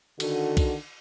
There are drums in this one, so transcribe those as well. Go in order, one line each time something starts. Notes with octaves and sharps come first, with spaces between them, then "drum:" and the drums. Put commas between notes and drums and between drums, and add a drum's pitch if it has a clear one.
D3 D#3 F#4 A4, drum: cymbal
drum: kick, cymbal